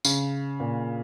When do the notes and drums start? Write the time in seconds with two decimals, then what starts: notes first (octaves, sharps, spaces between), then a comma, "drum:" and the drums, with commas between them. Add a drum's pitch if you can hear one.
0.05 C#3, drum: tambourine
0.60 A#2